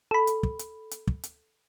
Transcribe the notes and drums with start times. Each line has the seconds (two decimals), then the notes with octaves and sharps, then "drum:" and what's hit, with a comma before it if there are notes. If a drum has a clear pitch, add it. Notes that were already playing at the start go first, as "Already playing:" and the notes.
0.11 A4 B5
0.27 drum: hi-hat
0.43 drum: kick
0.59 drum: hi-hat
0.91 drum: hi-hat
1.07 drum: kick
1.23 drum: hi-hat